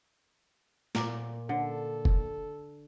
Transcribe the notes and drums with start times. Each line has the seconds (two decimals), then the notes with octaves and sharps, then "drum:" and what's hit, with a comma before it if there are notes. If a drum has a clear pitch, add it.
0.95 A#2 A#4 D5, drum: snare
1.49 D3 A4
2.05 drum: kick F1